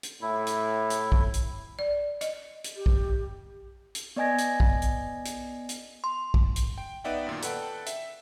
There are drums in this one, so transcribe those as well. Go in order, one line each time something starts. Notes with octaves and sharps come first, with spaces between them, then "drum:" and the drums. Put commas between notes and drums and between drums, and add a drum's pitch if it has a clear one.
drum: hi-hat
A2 E4
drum: hi-hat
drum: hi-hat
drum: kick
drum: hi-hat
D5
D#5, drum: hi-hat
drum: hi-hat
G4
drum: kick
drum: hi-hat
B3 D5 D#5 G#5 G#6 A#6
drum: hi-hat
drum: kick
drum: hi-hat
drum: hi-hat
drum: hi-hat
C6
drum: kick
drum: hi-hat
G5
B3 D#4 D5 E5 F#5 G5
F#2 A#2 D#3
A4 B4 D5 F#5 G5 A5, drum: hi-hat
E5, drum: hi-hat